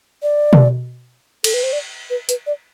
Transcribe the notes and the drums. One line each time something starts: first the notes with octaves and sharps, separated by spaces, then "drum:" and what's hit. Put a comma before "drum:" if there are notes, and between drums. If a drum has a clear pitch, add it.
D5
drum: tom B2
A4, drum: cymbal
B4
C5
D5
B4
B4, drum: hi-hat
D5